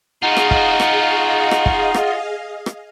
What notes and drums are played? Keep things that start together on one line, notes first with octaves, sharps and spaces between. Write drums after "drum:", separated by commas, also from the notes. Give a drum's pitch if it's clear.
D#4 F4 F#4 G#4 D#5 F5 F#5
drum: rim click
drum: kick
drum: rim click
drum: rim click
drum: kick
drum: rim click
drum: rim click